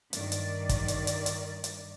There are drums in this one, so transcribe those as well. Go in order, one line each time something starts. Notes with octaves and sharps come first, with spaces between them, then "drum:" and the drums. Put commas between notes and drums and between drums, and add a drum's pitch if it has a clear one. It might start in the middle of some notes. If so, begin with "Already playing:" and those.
G2 D#3 D5, drum: hi-hat
drum: hi-hat
drum: kick, hi-hat
drum: hi-hat
drum: hi-hat
drum: hi-hat
drum: hi-hat